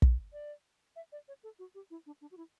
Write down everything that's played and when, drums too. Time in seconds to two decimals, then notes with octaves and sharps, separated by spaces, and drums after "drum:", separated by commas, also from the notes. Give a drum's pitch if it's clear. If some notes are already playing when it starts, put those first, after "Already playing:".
0.02 drum: kick
0.33 D5
0.96 E5
1.12 D5
1.28 C#5
1.43 A4
1.59 F#4
1.75 G4
1.91 E4
2.06 D4
2.21 D4
2.31 F#4
2.37 E4